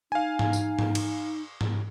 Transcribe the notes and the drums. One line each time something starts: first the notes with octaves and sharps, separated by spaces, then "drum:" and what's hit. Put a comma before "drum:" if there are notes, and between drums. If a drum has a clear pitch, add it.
D#4 F5 G#5
drum: tom G#2
drum: tambourine
drum: tom G#2
drum: cymbal
drum: tom G#2